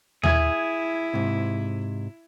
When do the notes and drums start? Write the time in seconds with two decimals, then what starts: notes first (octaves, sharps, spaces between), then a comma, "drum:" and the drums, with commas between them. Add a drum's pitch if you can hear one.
0.24 E4 G#4 E5 G#6, drum: tom D#2
1.14 G#2 C3